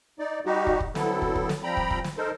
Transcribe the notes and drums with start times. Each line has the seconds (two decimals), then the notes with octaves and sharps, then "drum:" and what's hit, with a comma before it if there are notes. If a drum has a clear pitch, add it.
0.19 D#4 D5
0.46 G3 D#4 F#4 G4
0.67 drum: kick
0.80 drum: kick
0.95 D3 F#3 B3 C4 E4 A4, drum: snare
1.22 drum: kick
1.36 drum: kick
1.49 drum: snare
1.63 F3 G3 C4 G5 A#5 B5
1.77 drum: kick
1.91 drum: kick
2.04 drum: snare
2.17 D#4 A4 A#4 C5